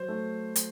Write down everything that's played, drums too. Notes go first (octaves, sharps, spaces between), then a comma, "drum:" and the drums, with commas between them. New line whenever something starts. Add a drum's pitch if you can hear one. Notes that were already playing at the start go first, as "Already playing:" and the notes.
Already playing: F#3 C5
A3
drum: hi-hat